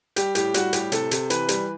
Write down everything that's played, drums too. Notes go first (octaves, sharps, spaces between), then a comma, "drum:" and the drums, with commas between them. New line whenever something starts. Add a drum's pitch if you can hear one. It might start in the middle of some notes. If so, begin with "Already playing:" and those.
G3 G4, drum: hi-hat
A2 G4, drum: hi-hat
G3 F#4, drum: hi-hat
A2 G4, drum: hi-hat
C3 A4, drum: hi-hat
C3, drum: hi-hat
E3 B4, drum: hi-hat
G3, drum: hi-hat